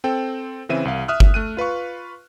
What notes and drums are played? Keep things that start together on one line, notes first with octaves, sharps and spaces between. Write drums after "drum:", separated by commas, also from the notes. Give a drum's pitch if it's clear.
C4 A4 G5
C#3 E3 C4 E5 D#7
C2 F5
E5 D#6 F6 F#6
drum: kick G1
A3 F#6 D#7
F4 B4 F5 C#6